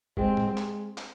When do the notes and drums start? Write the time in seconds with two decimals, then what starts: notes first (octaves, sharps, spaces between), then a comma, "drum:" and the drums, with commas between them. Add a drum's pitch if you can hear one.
0.17 G#3 C4, drum: kick F#1
0.37 drum: tom A2
0.48 G#3
0.57 drum: clap
0.98 drum: clap